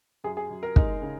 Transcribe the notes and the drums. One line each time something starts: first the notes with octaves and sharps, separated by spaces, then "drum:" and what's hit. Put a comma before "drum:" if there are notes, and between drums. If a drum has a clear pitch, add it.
F#2 G#4
G#4
F#2
A#4
G#3 D#4, drum: kick
C#3